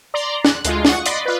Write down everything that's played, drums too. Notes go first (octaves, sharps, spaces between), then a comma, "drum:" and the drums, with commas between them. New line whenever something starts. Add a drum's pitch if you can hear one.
D5 A#5 C6
F#6, drum: snare
D2 G#3 F4, drum: hi-hat
F#5 C#6 D#6, drum: snare
D5 D#5 B5 C6 D6, drum: hi-hat
F4 B4